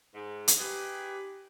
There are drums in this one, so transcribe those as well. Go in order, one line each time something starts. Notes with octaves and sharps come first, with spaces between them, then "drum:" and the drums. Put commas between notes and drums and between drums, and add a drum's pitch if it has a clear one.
G#2
drum: hi-hat
D#4 G4 G#4 B4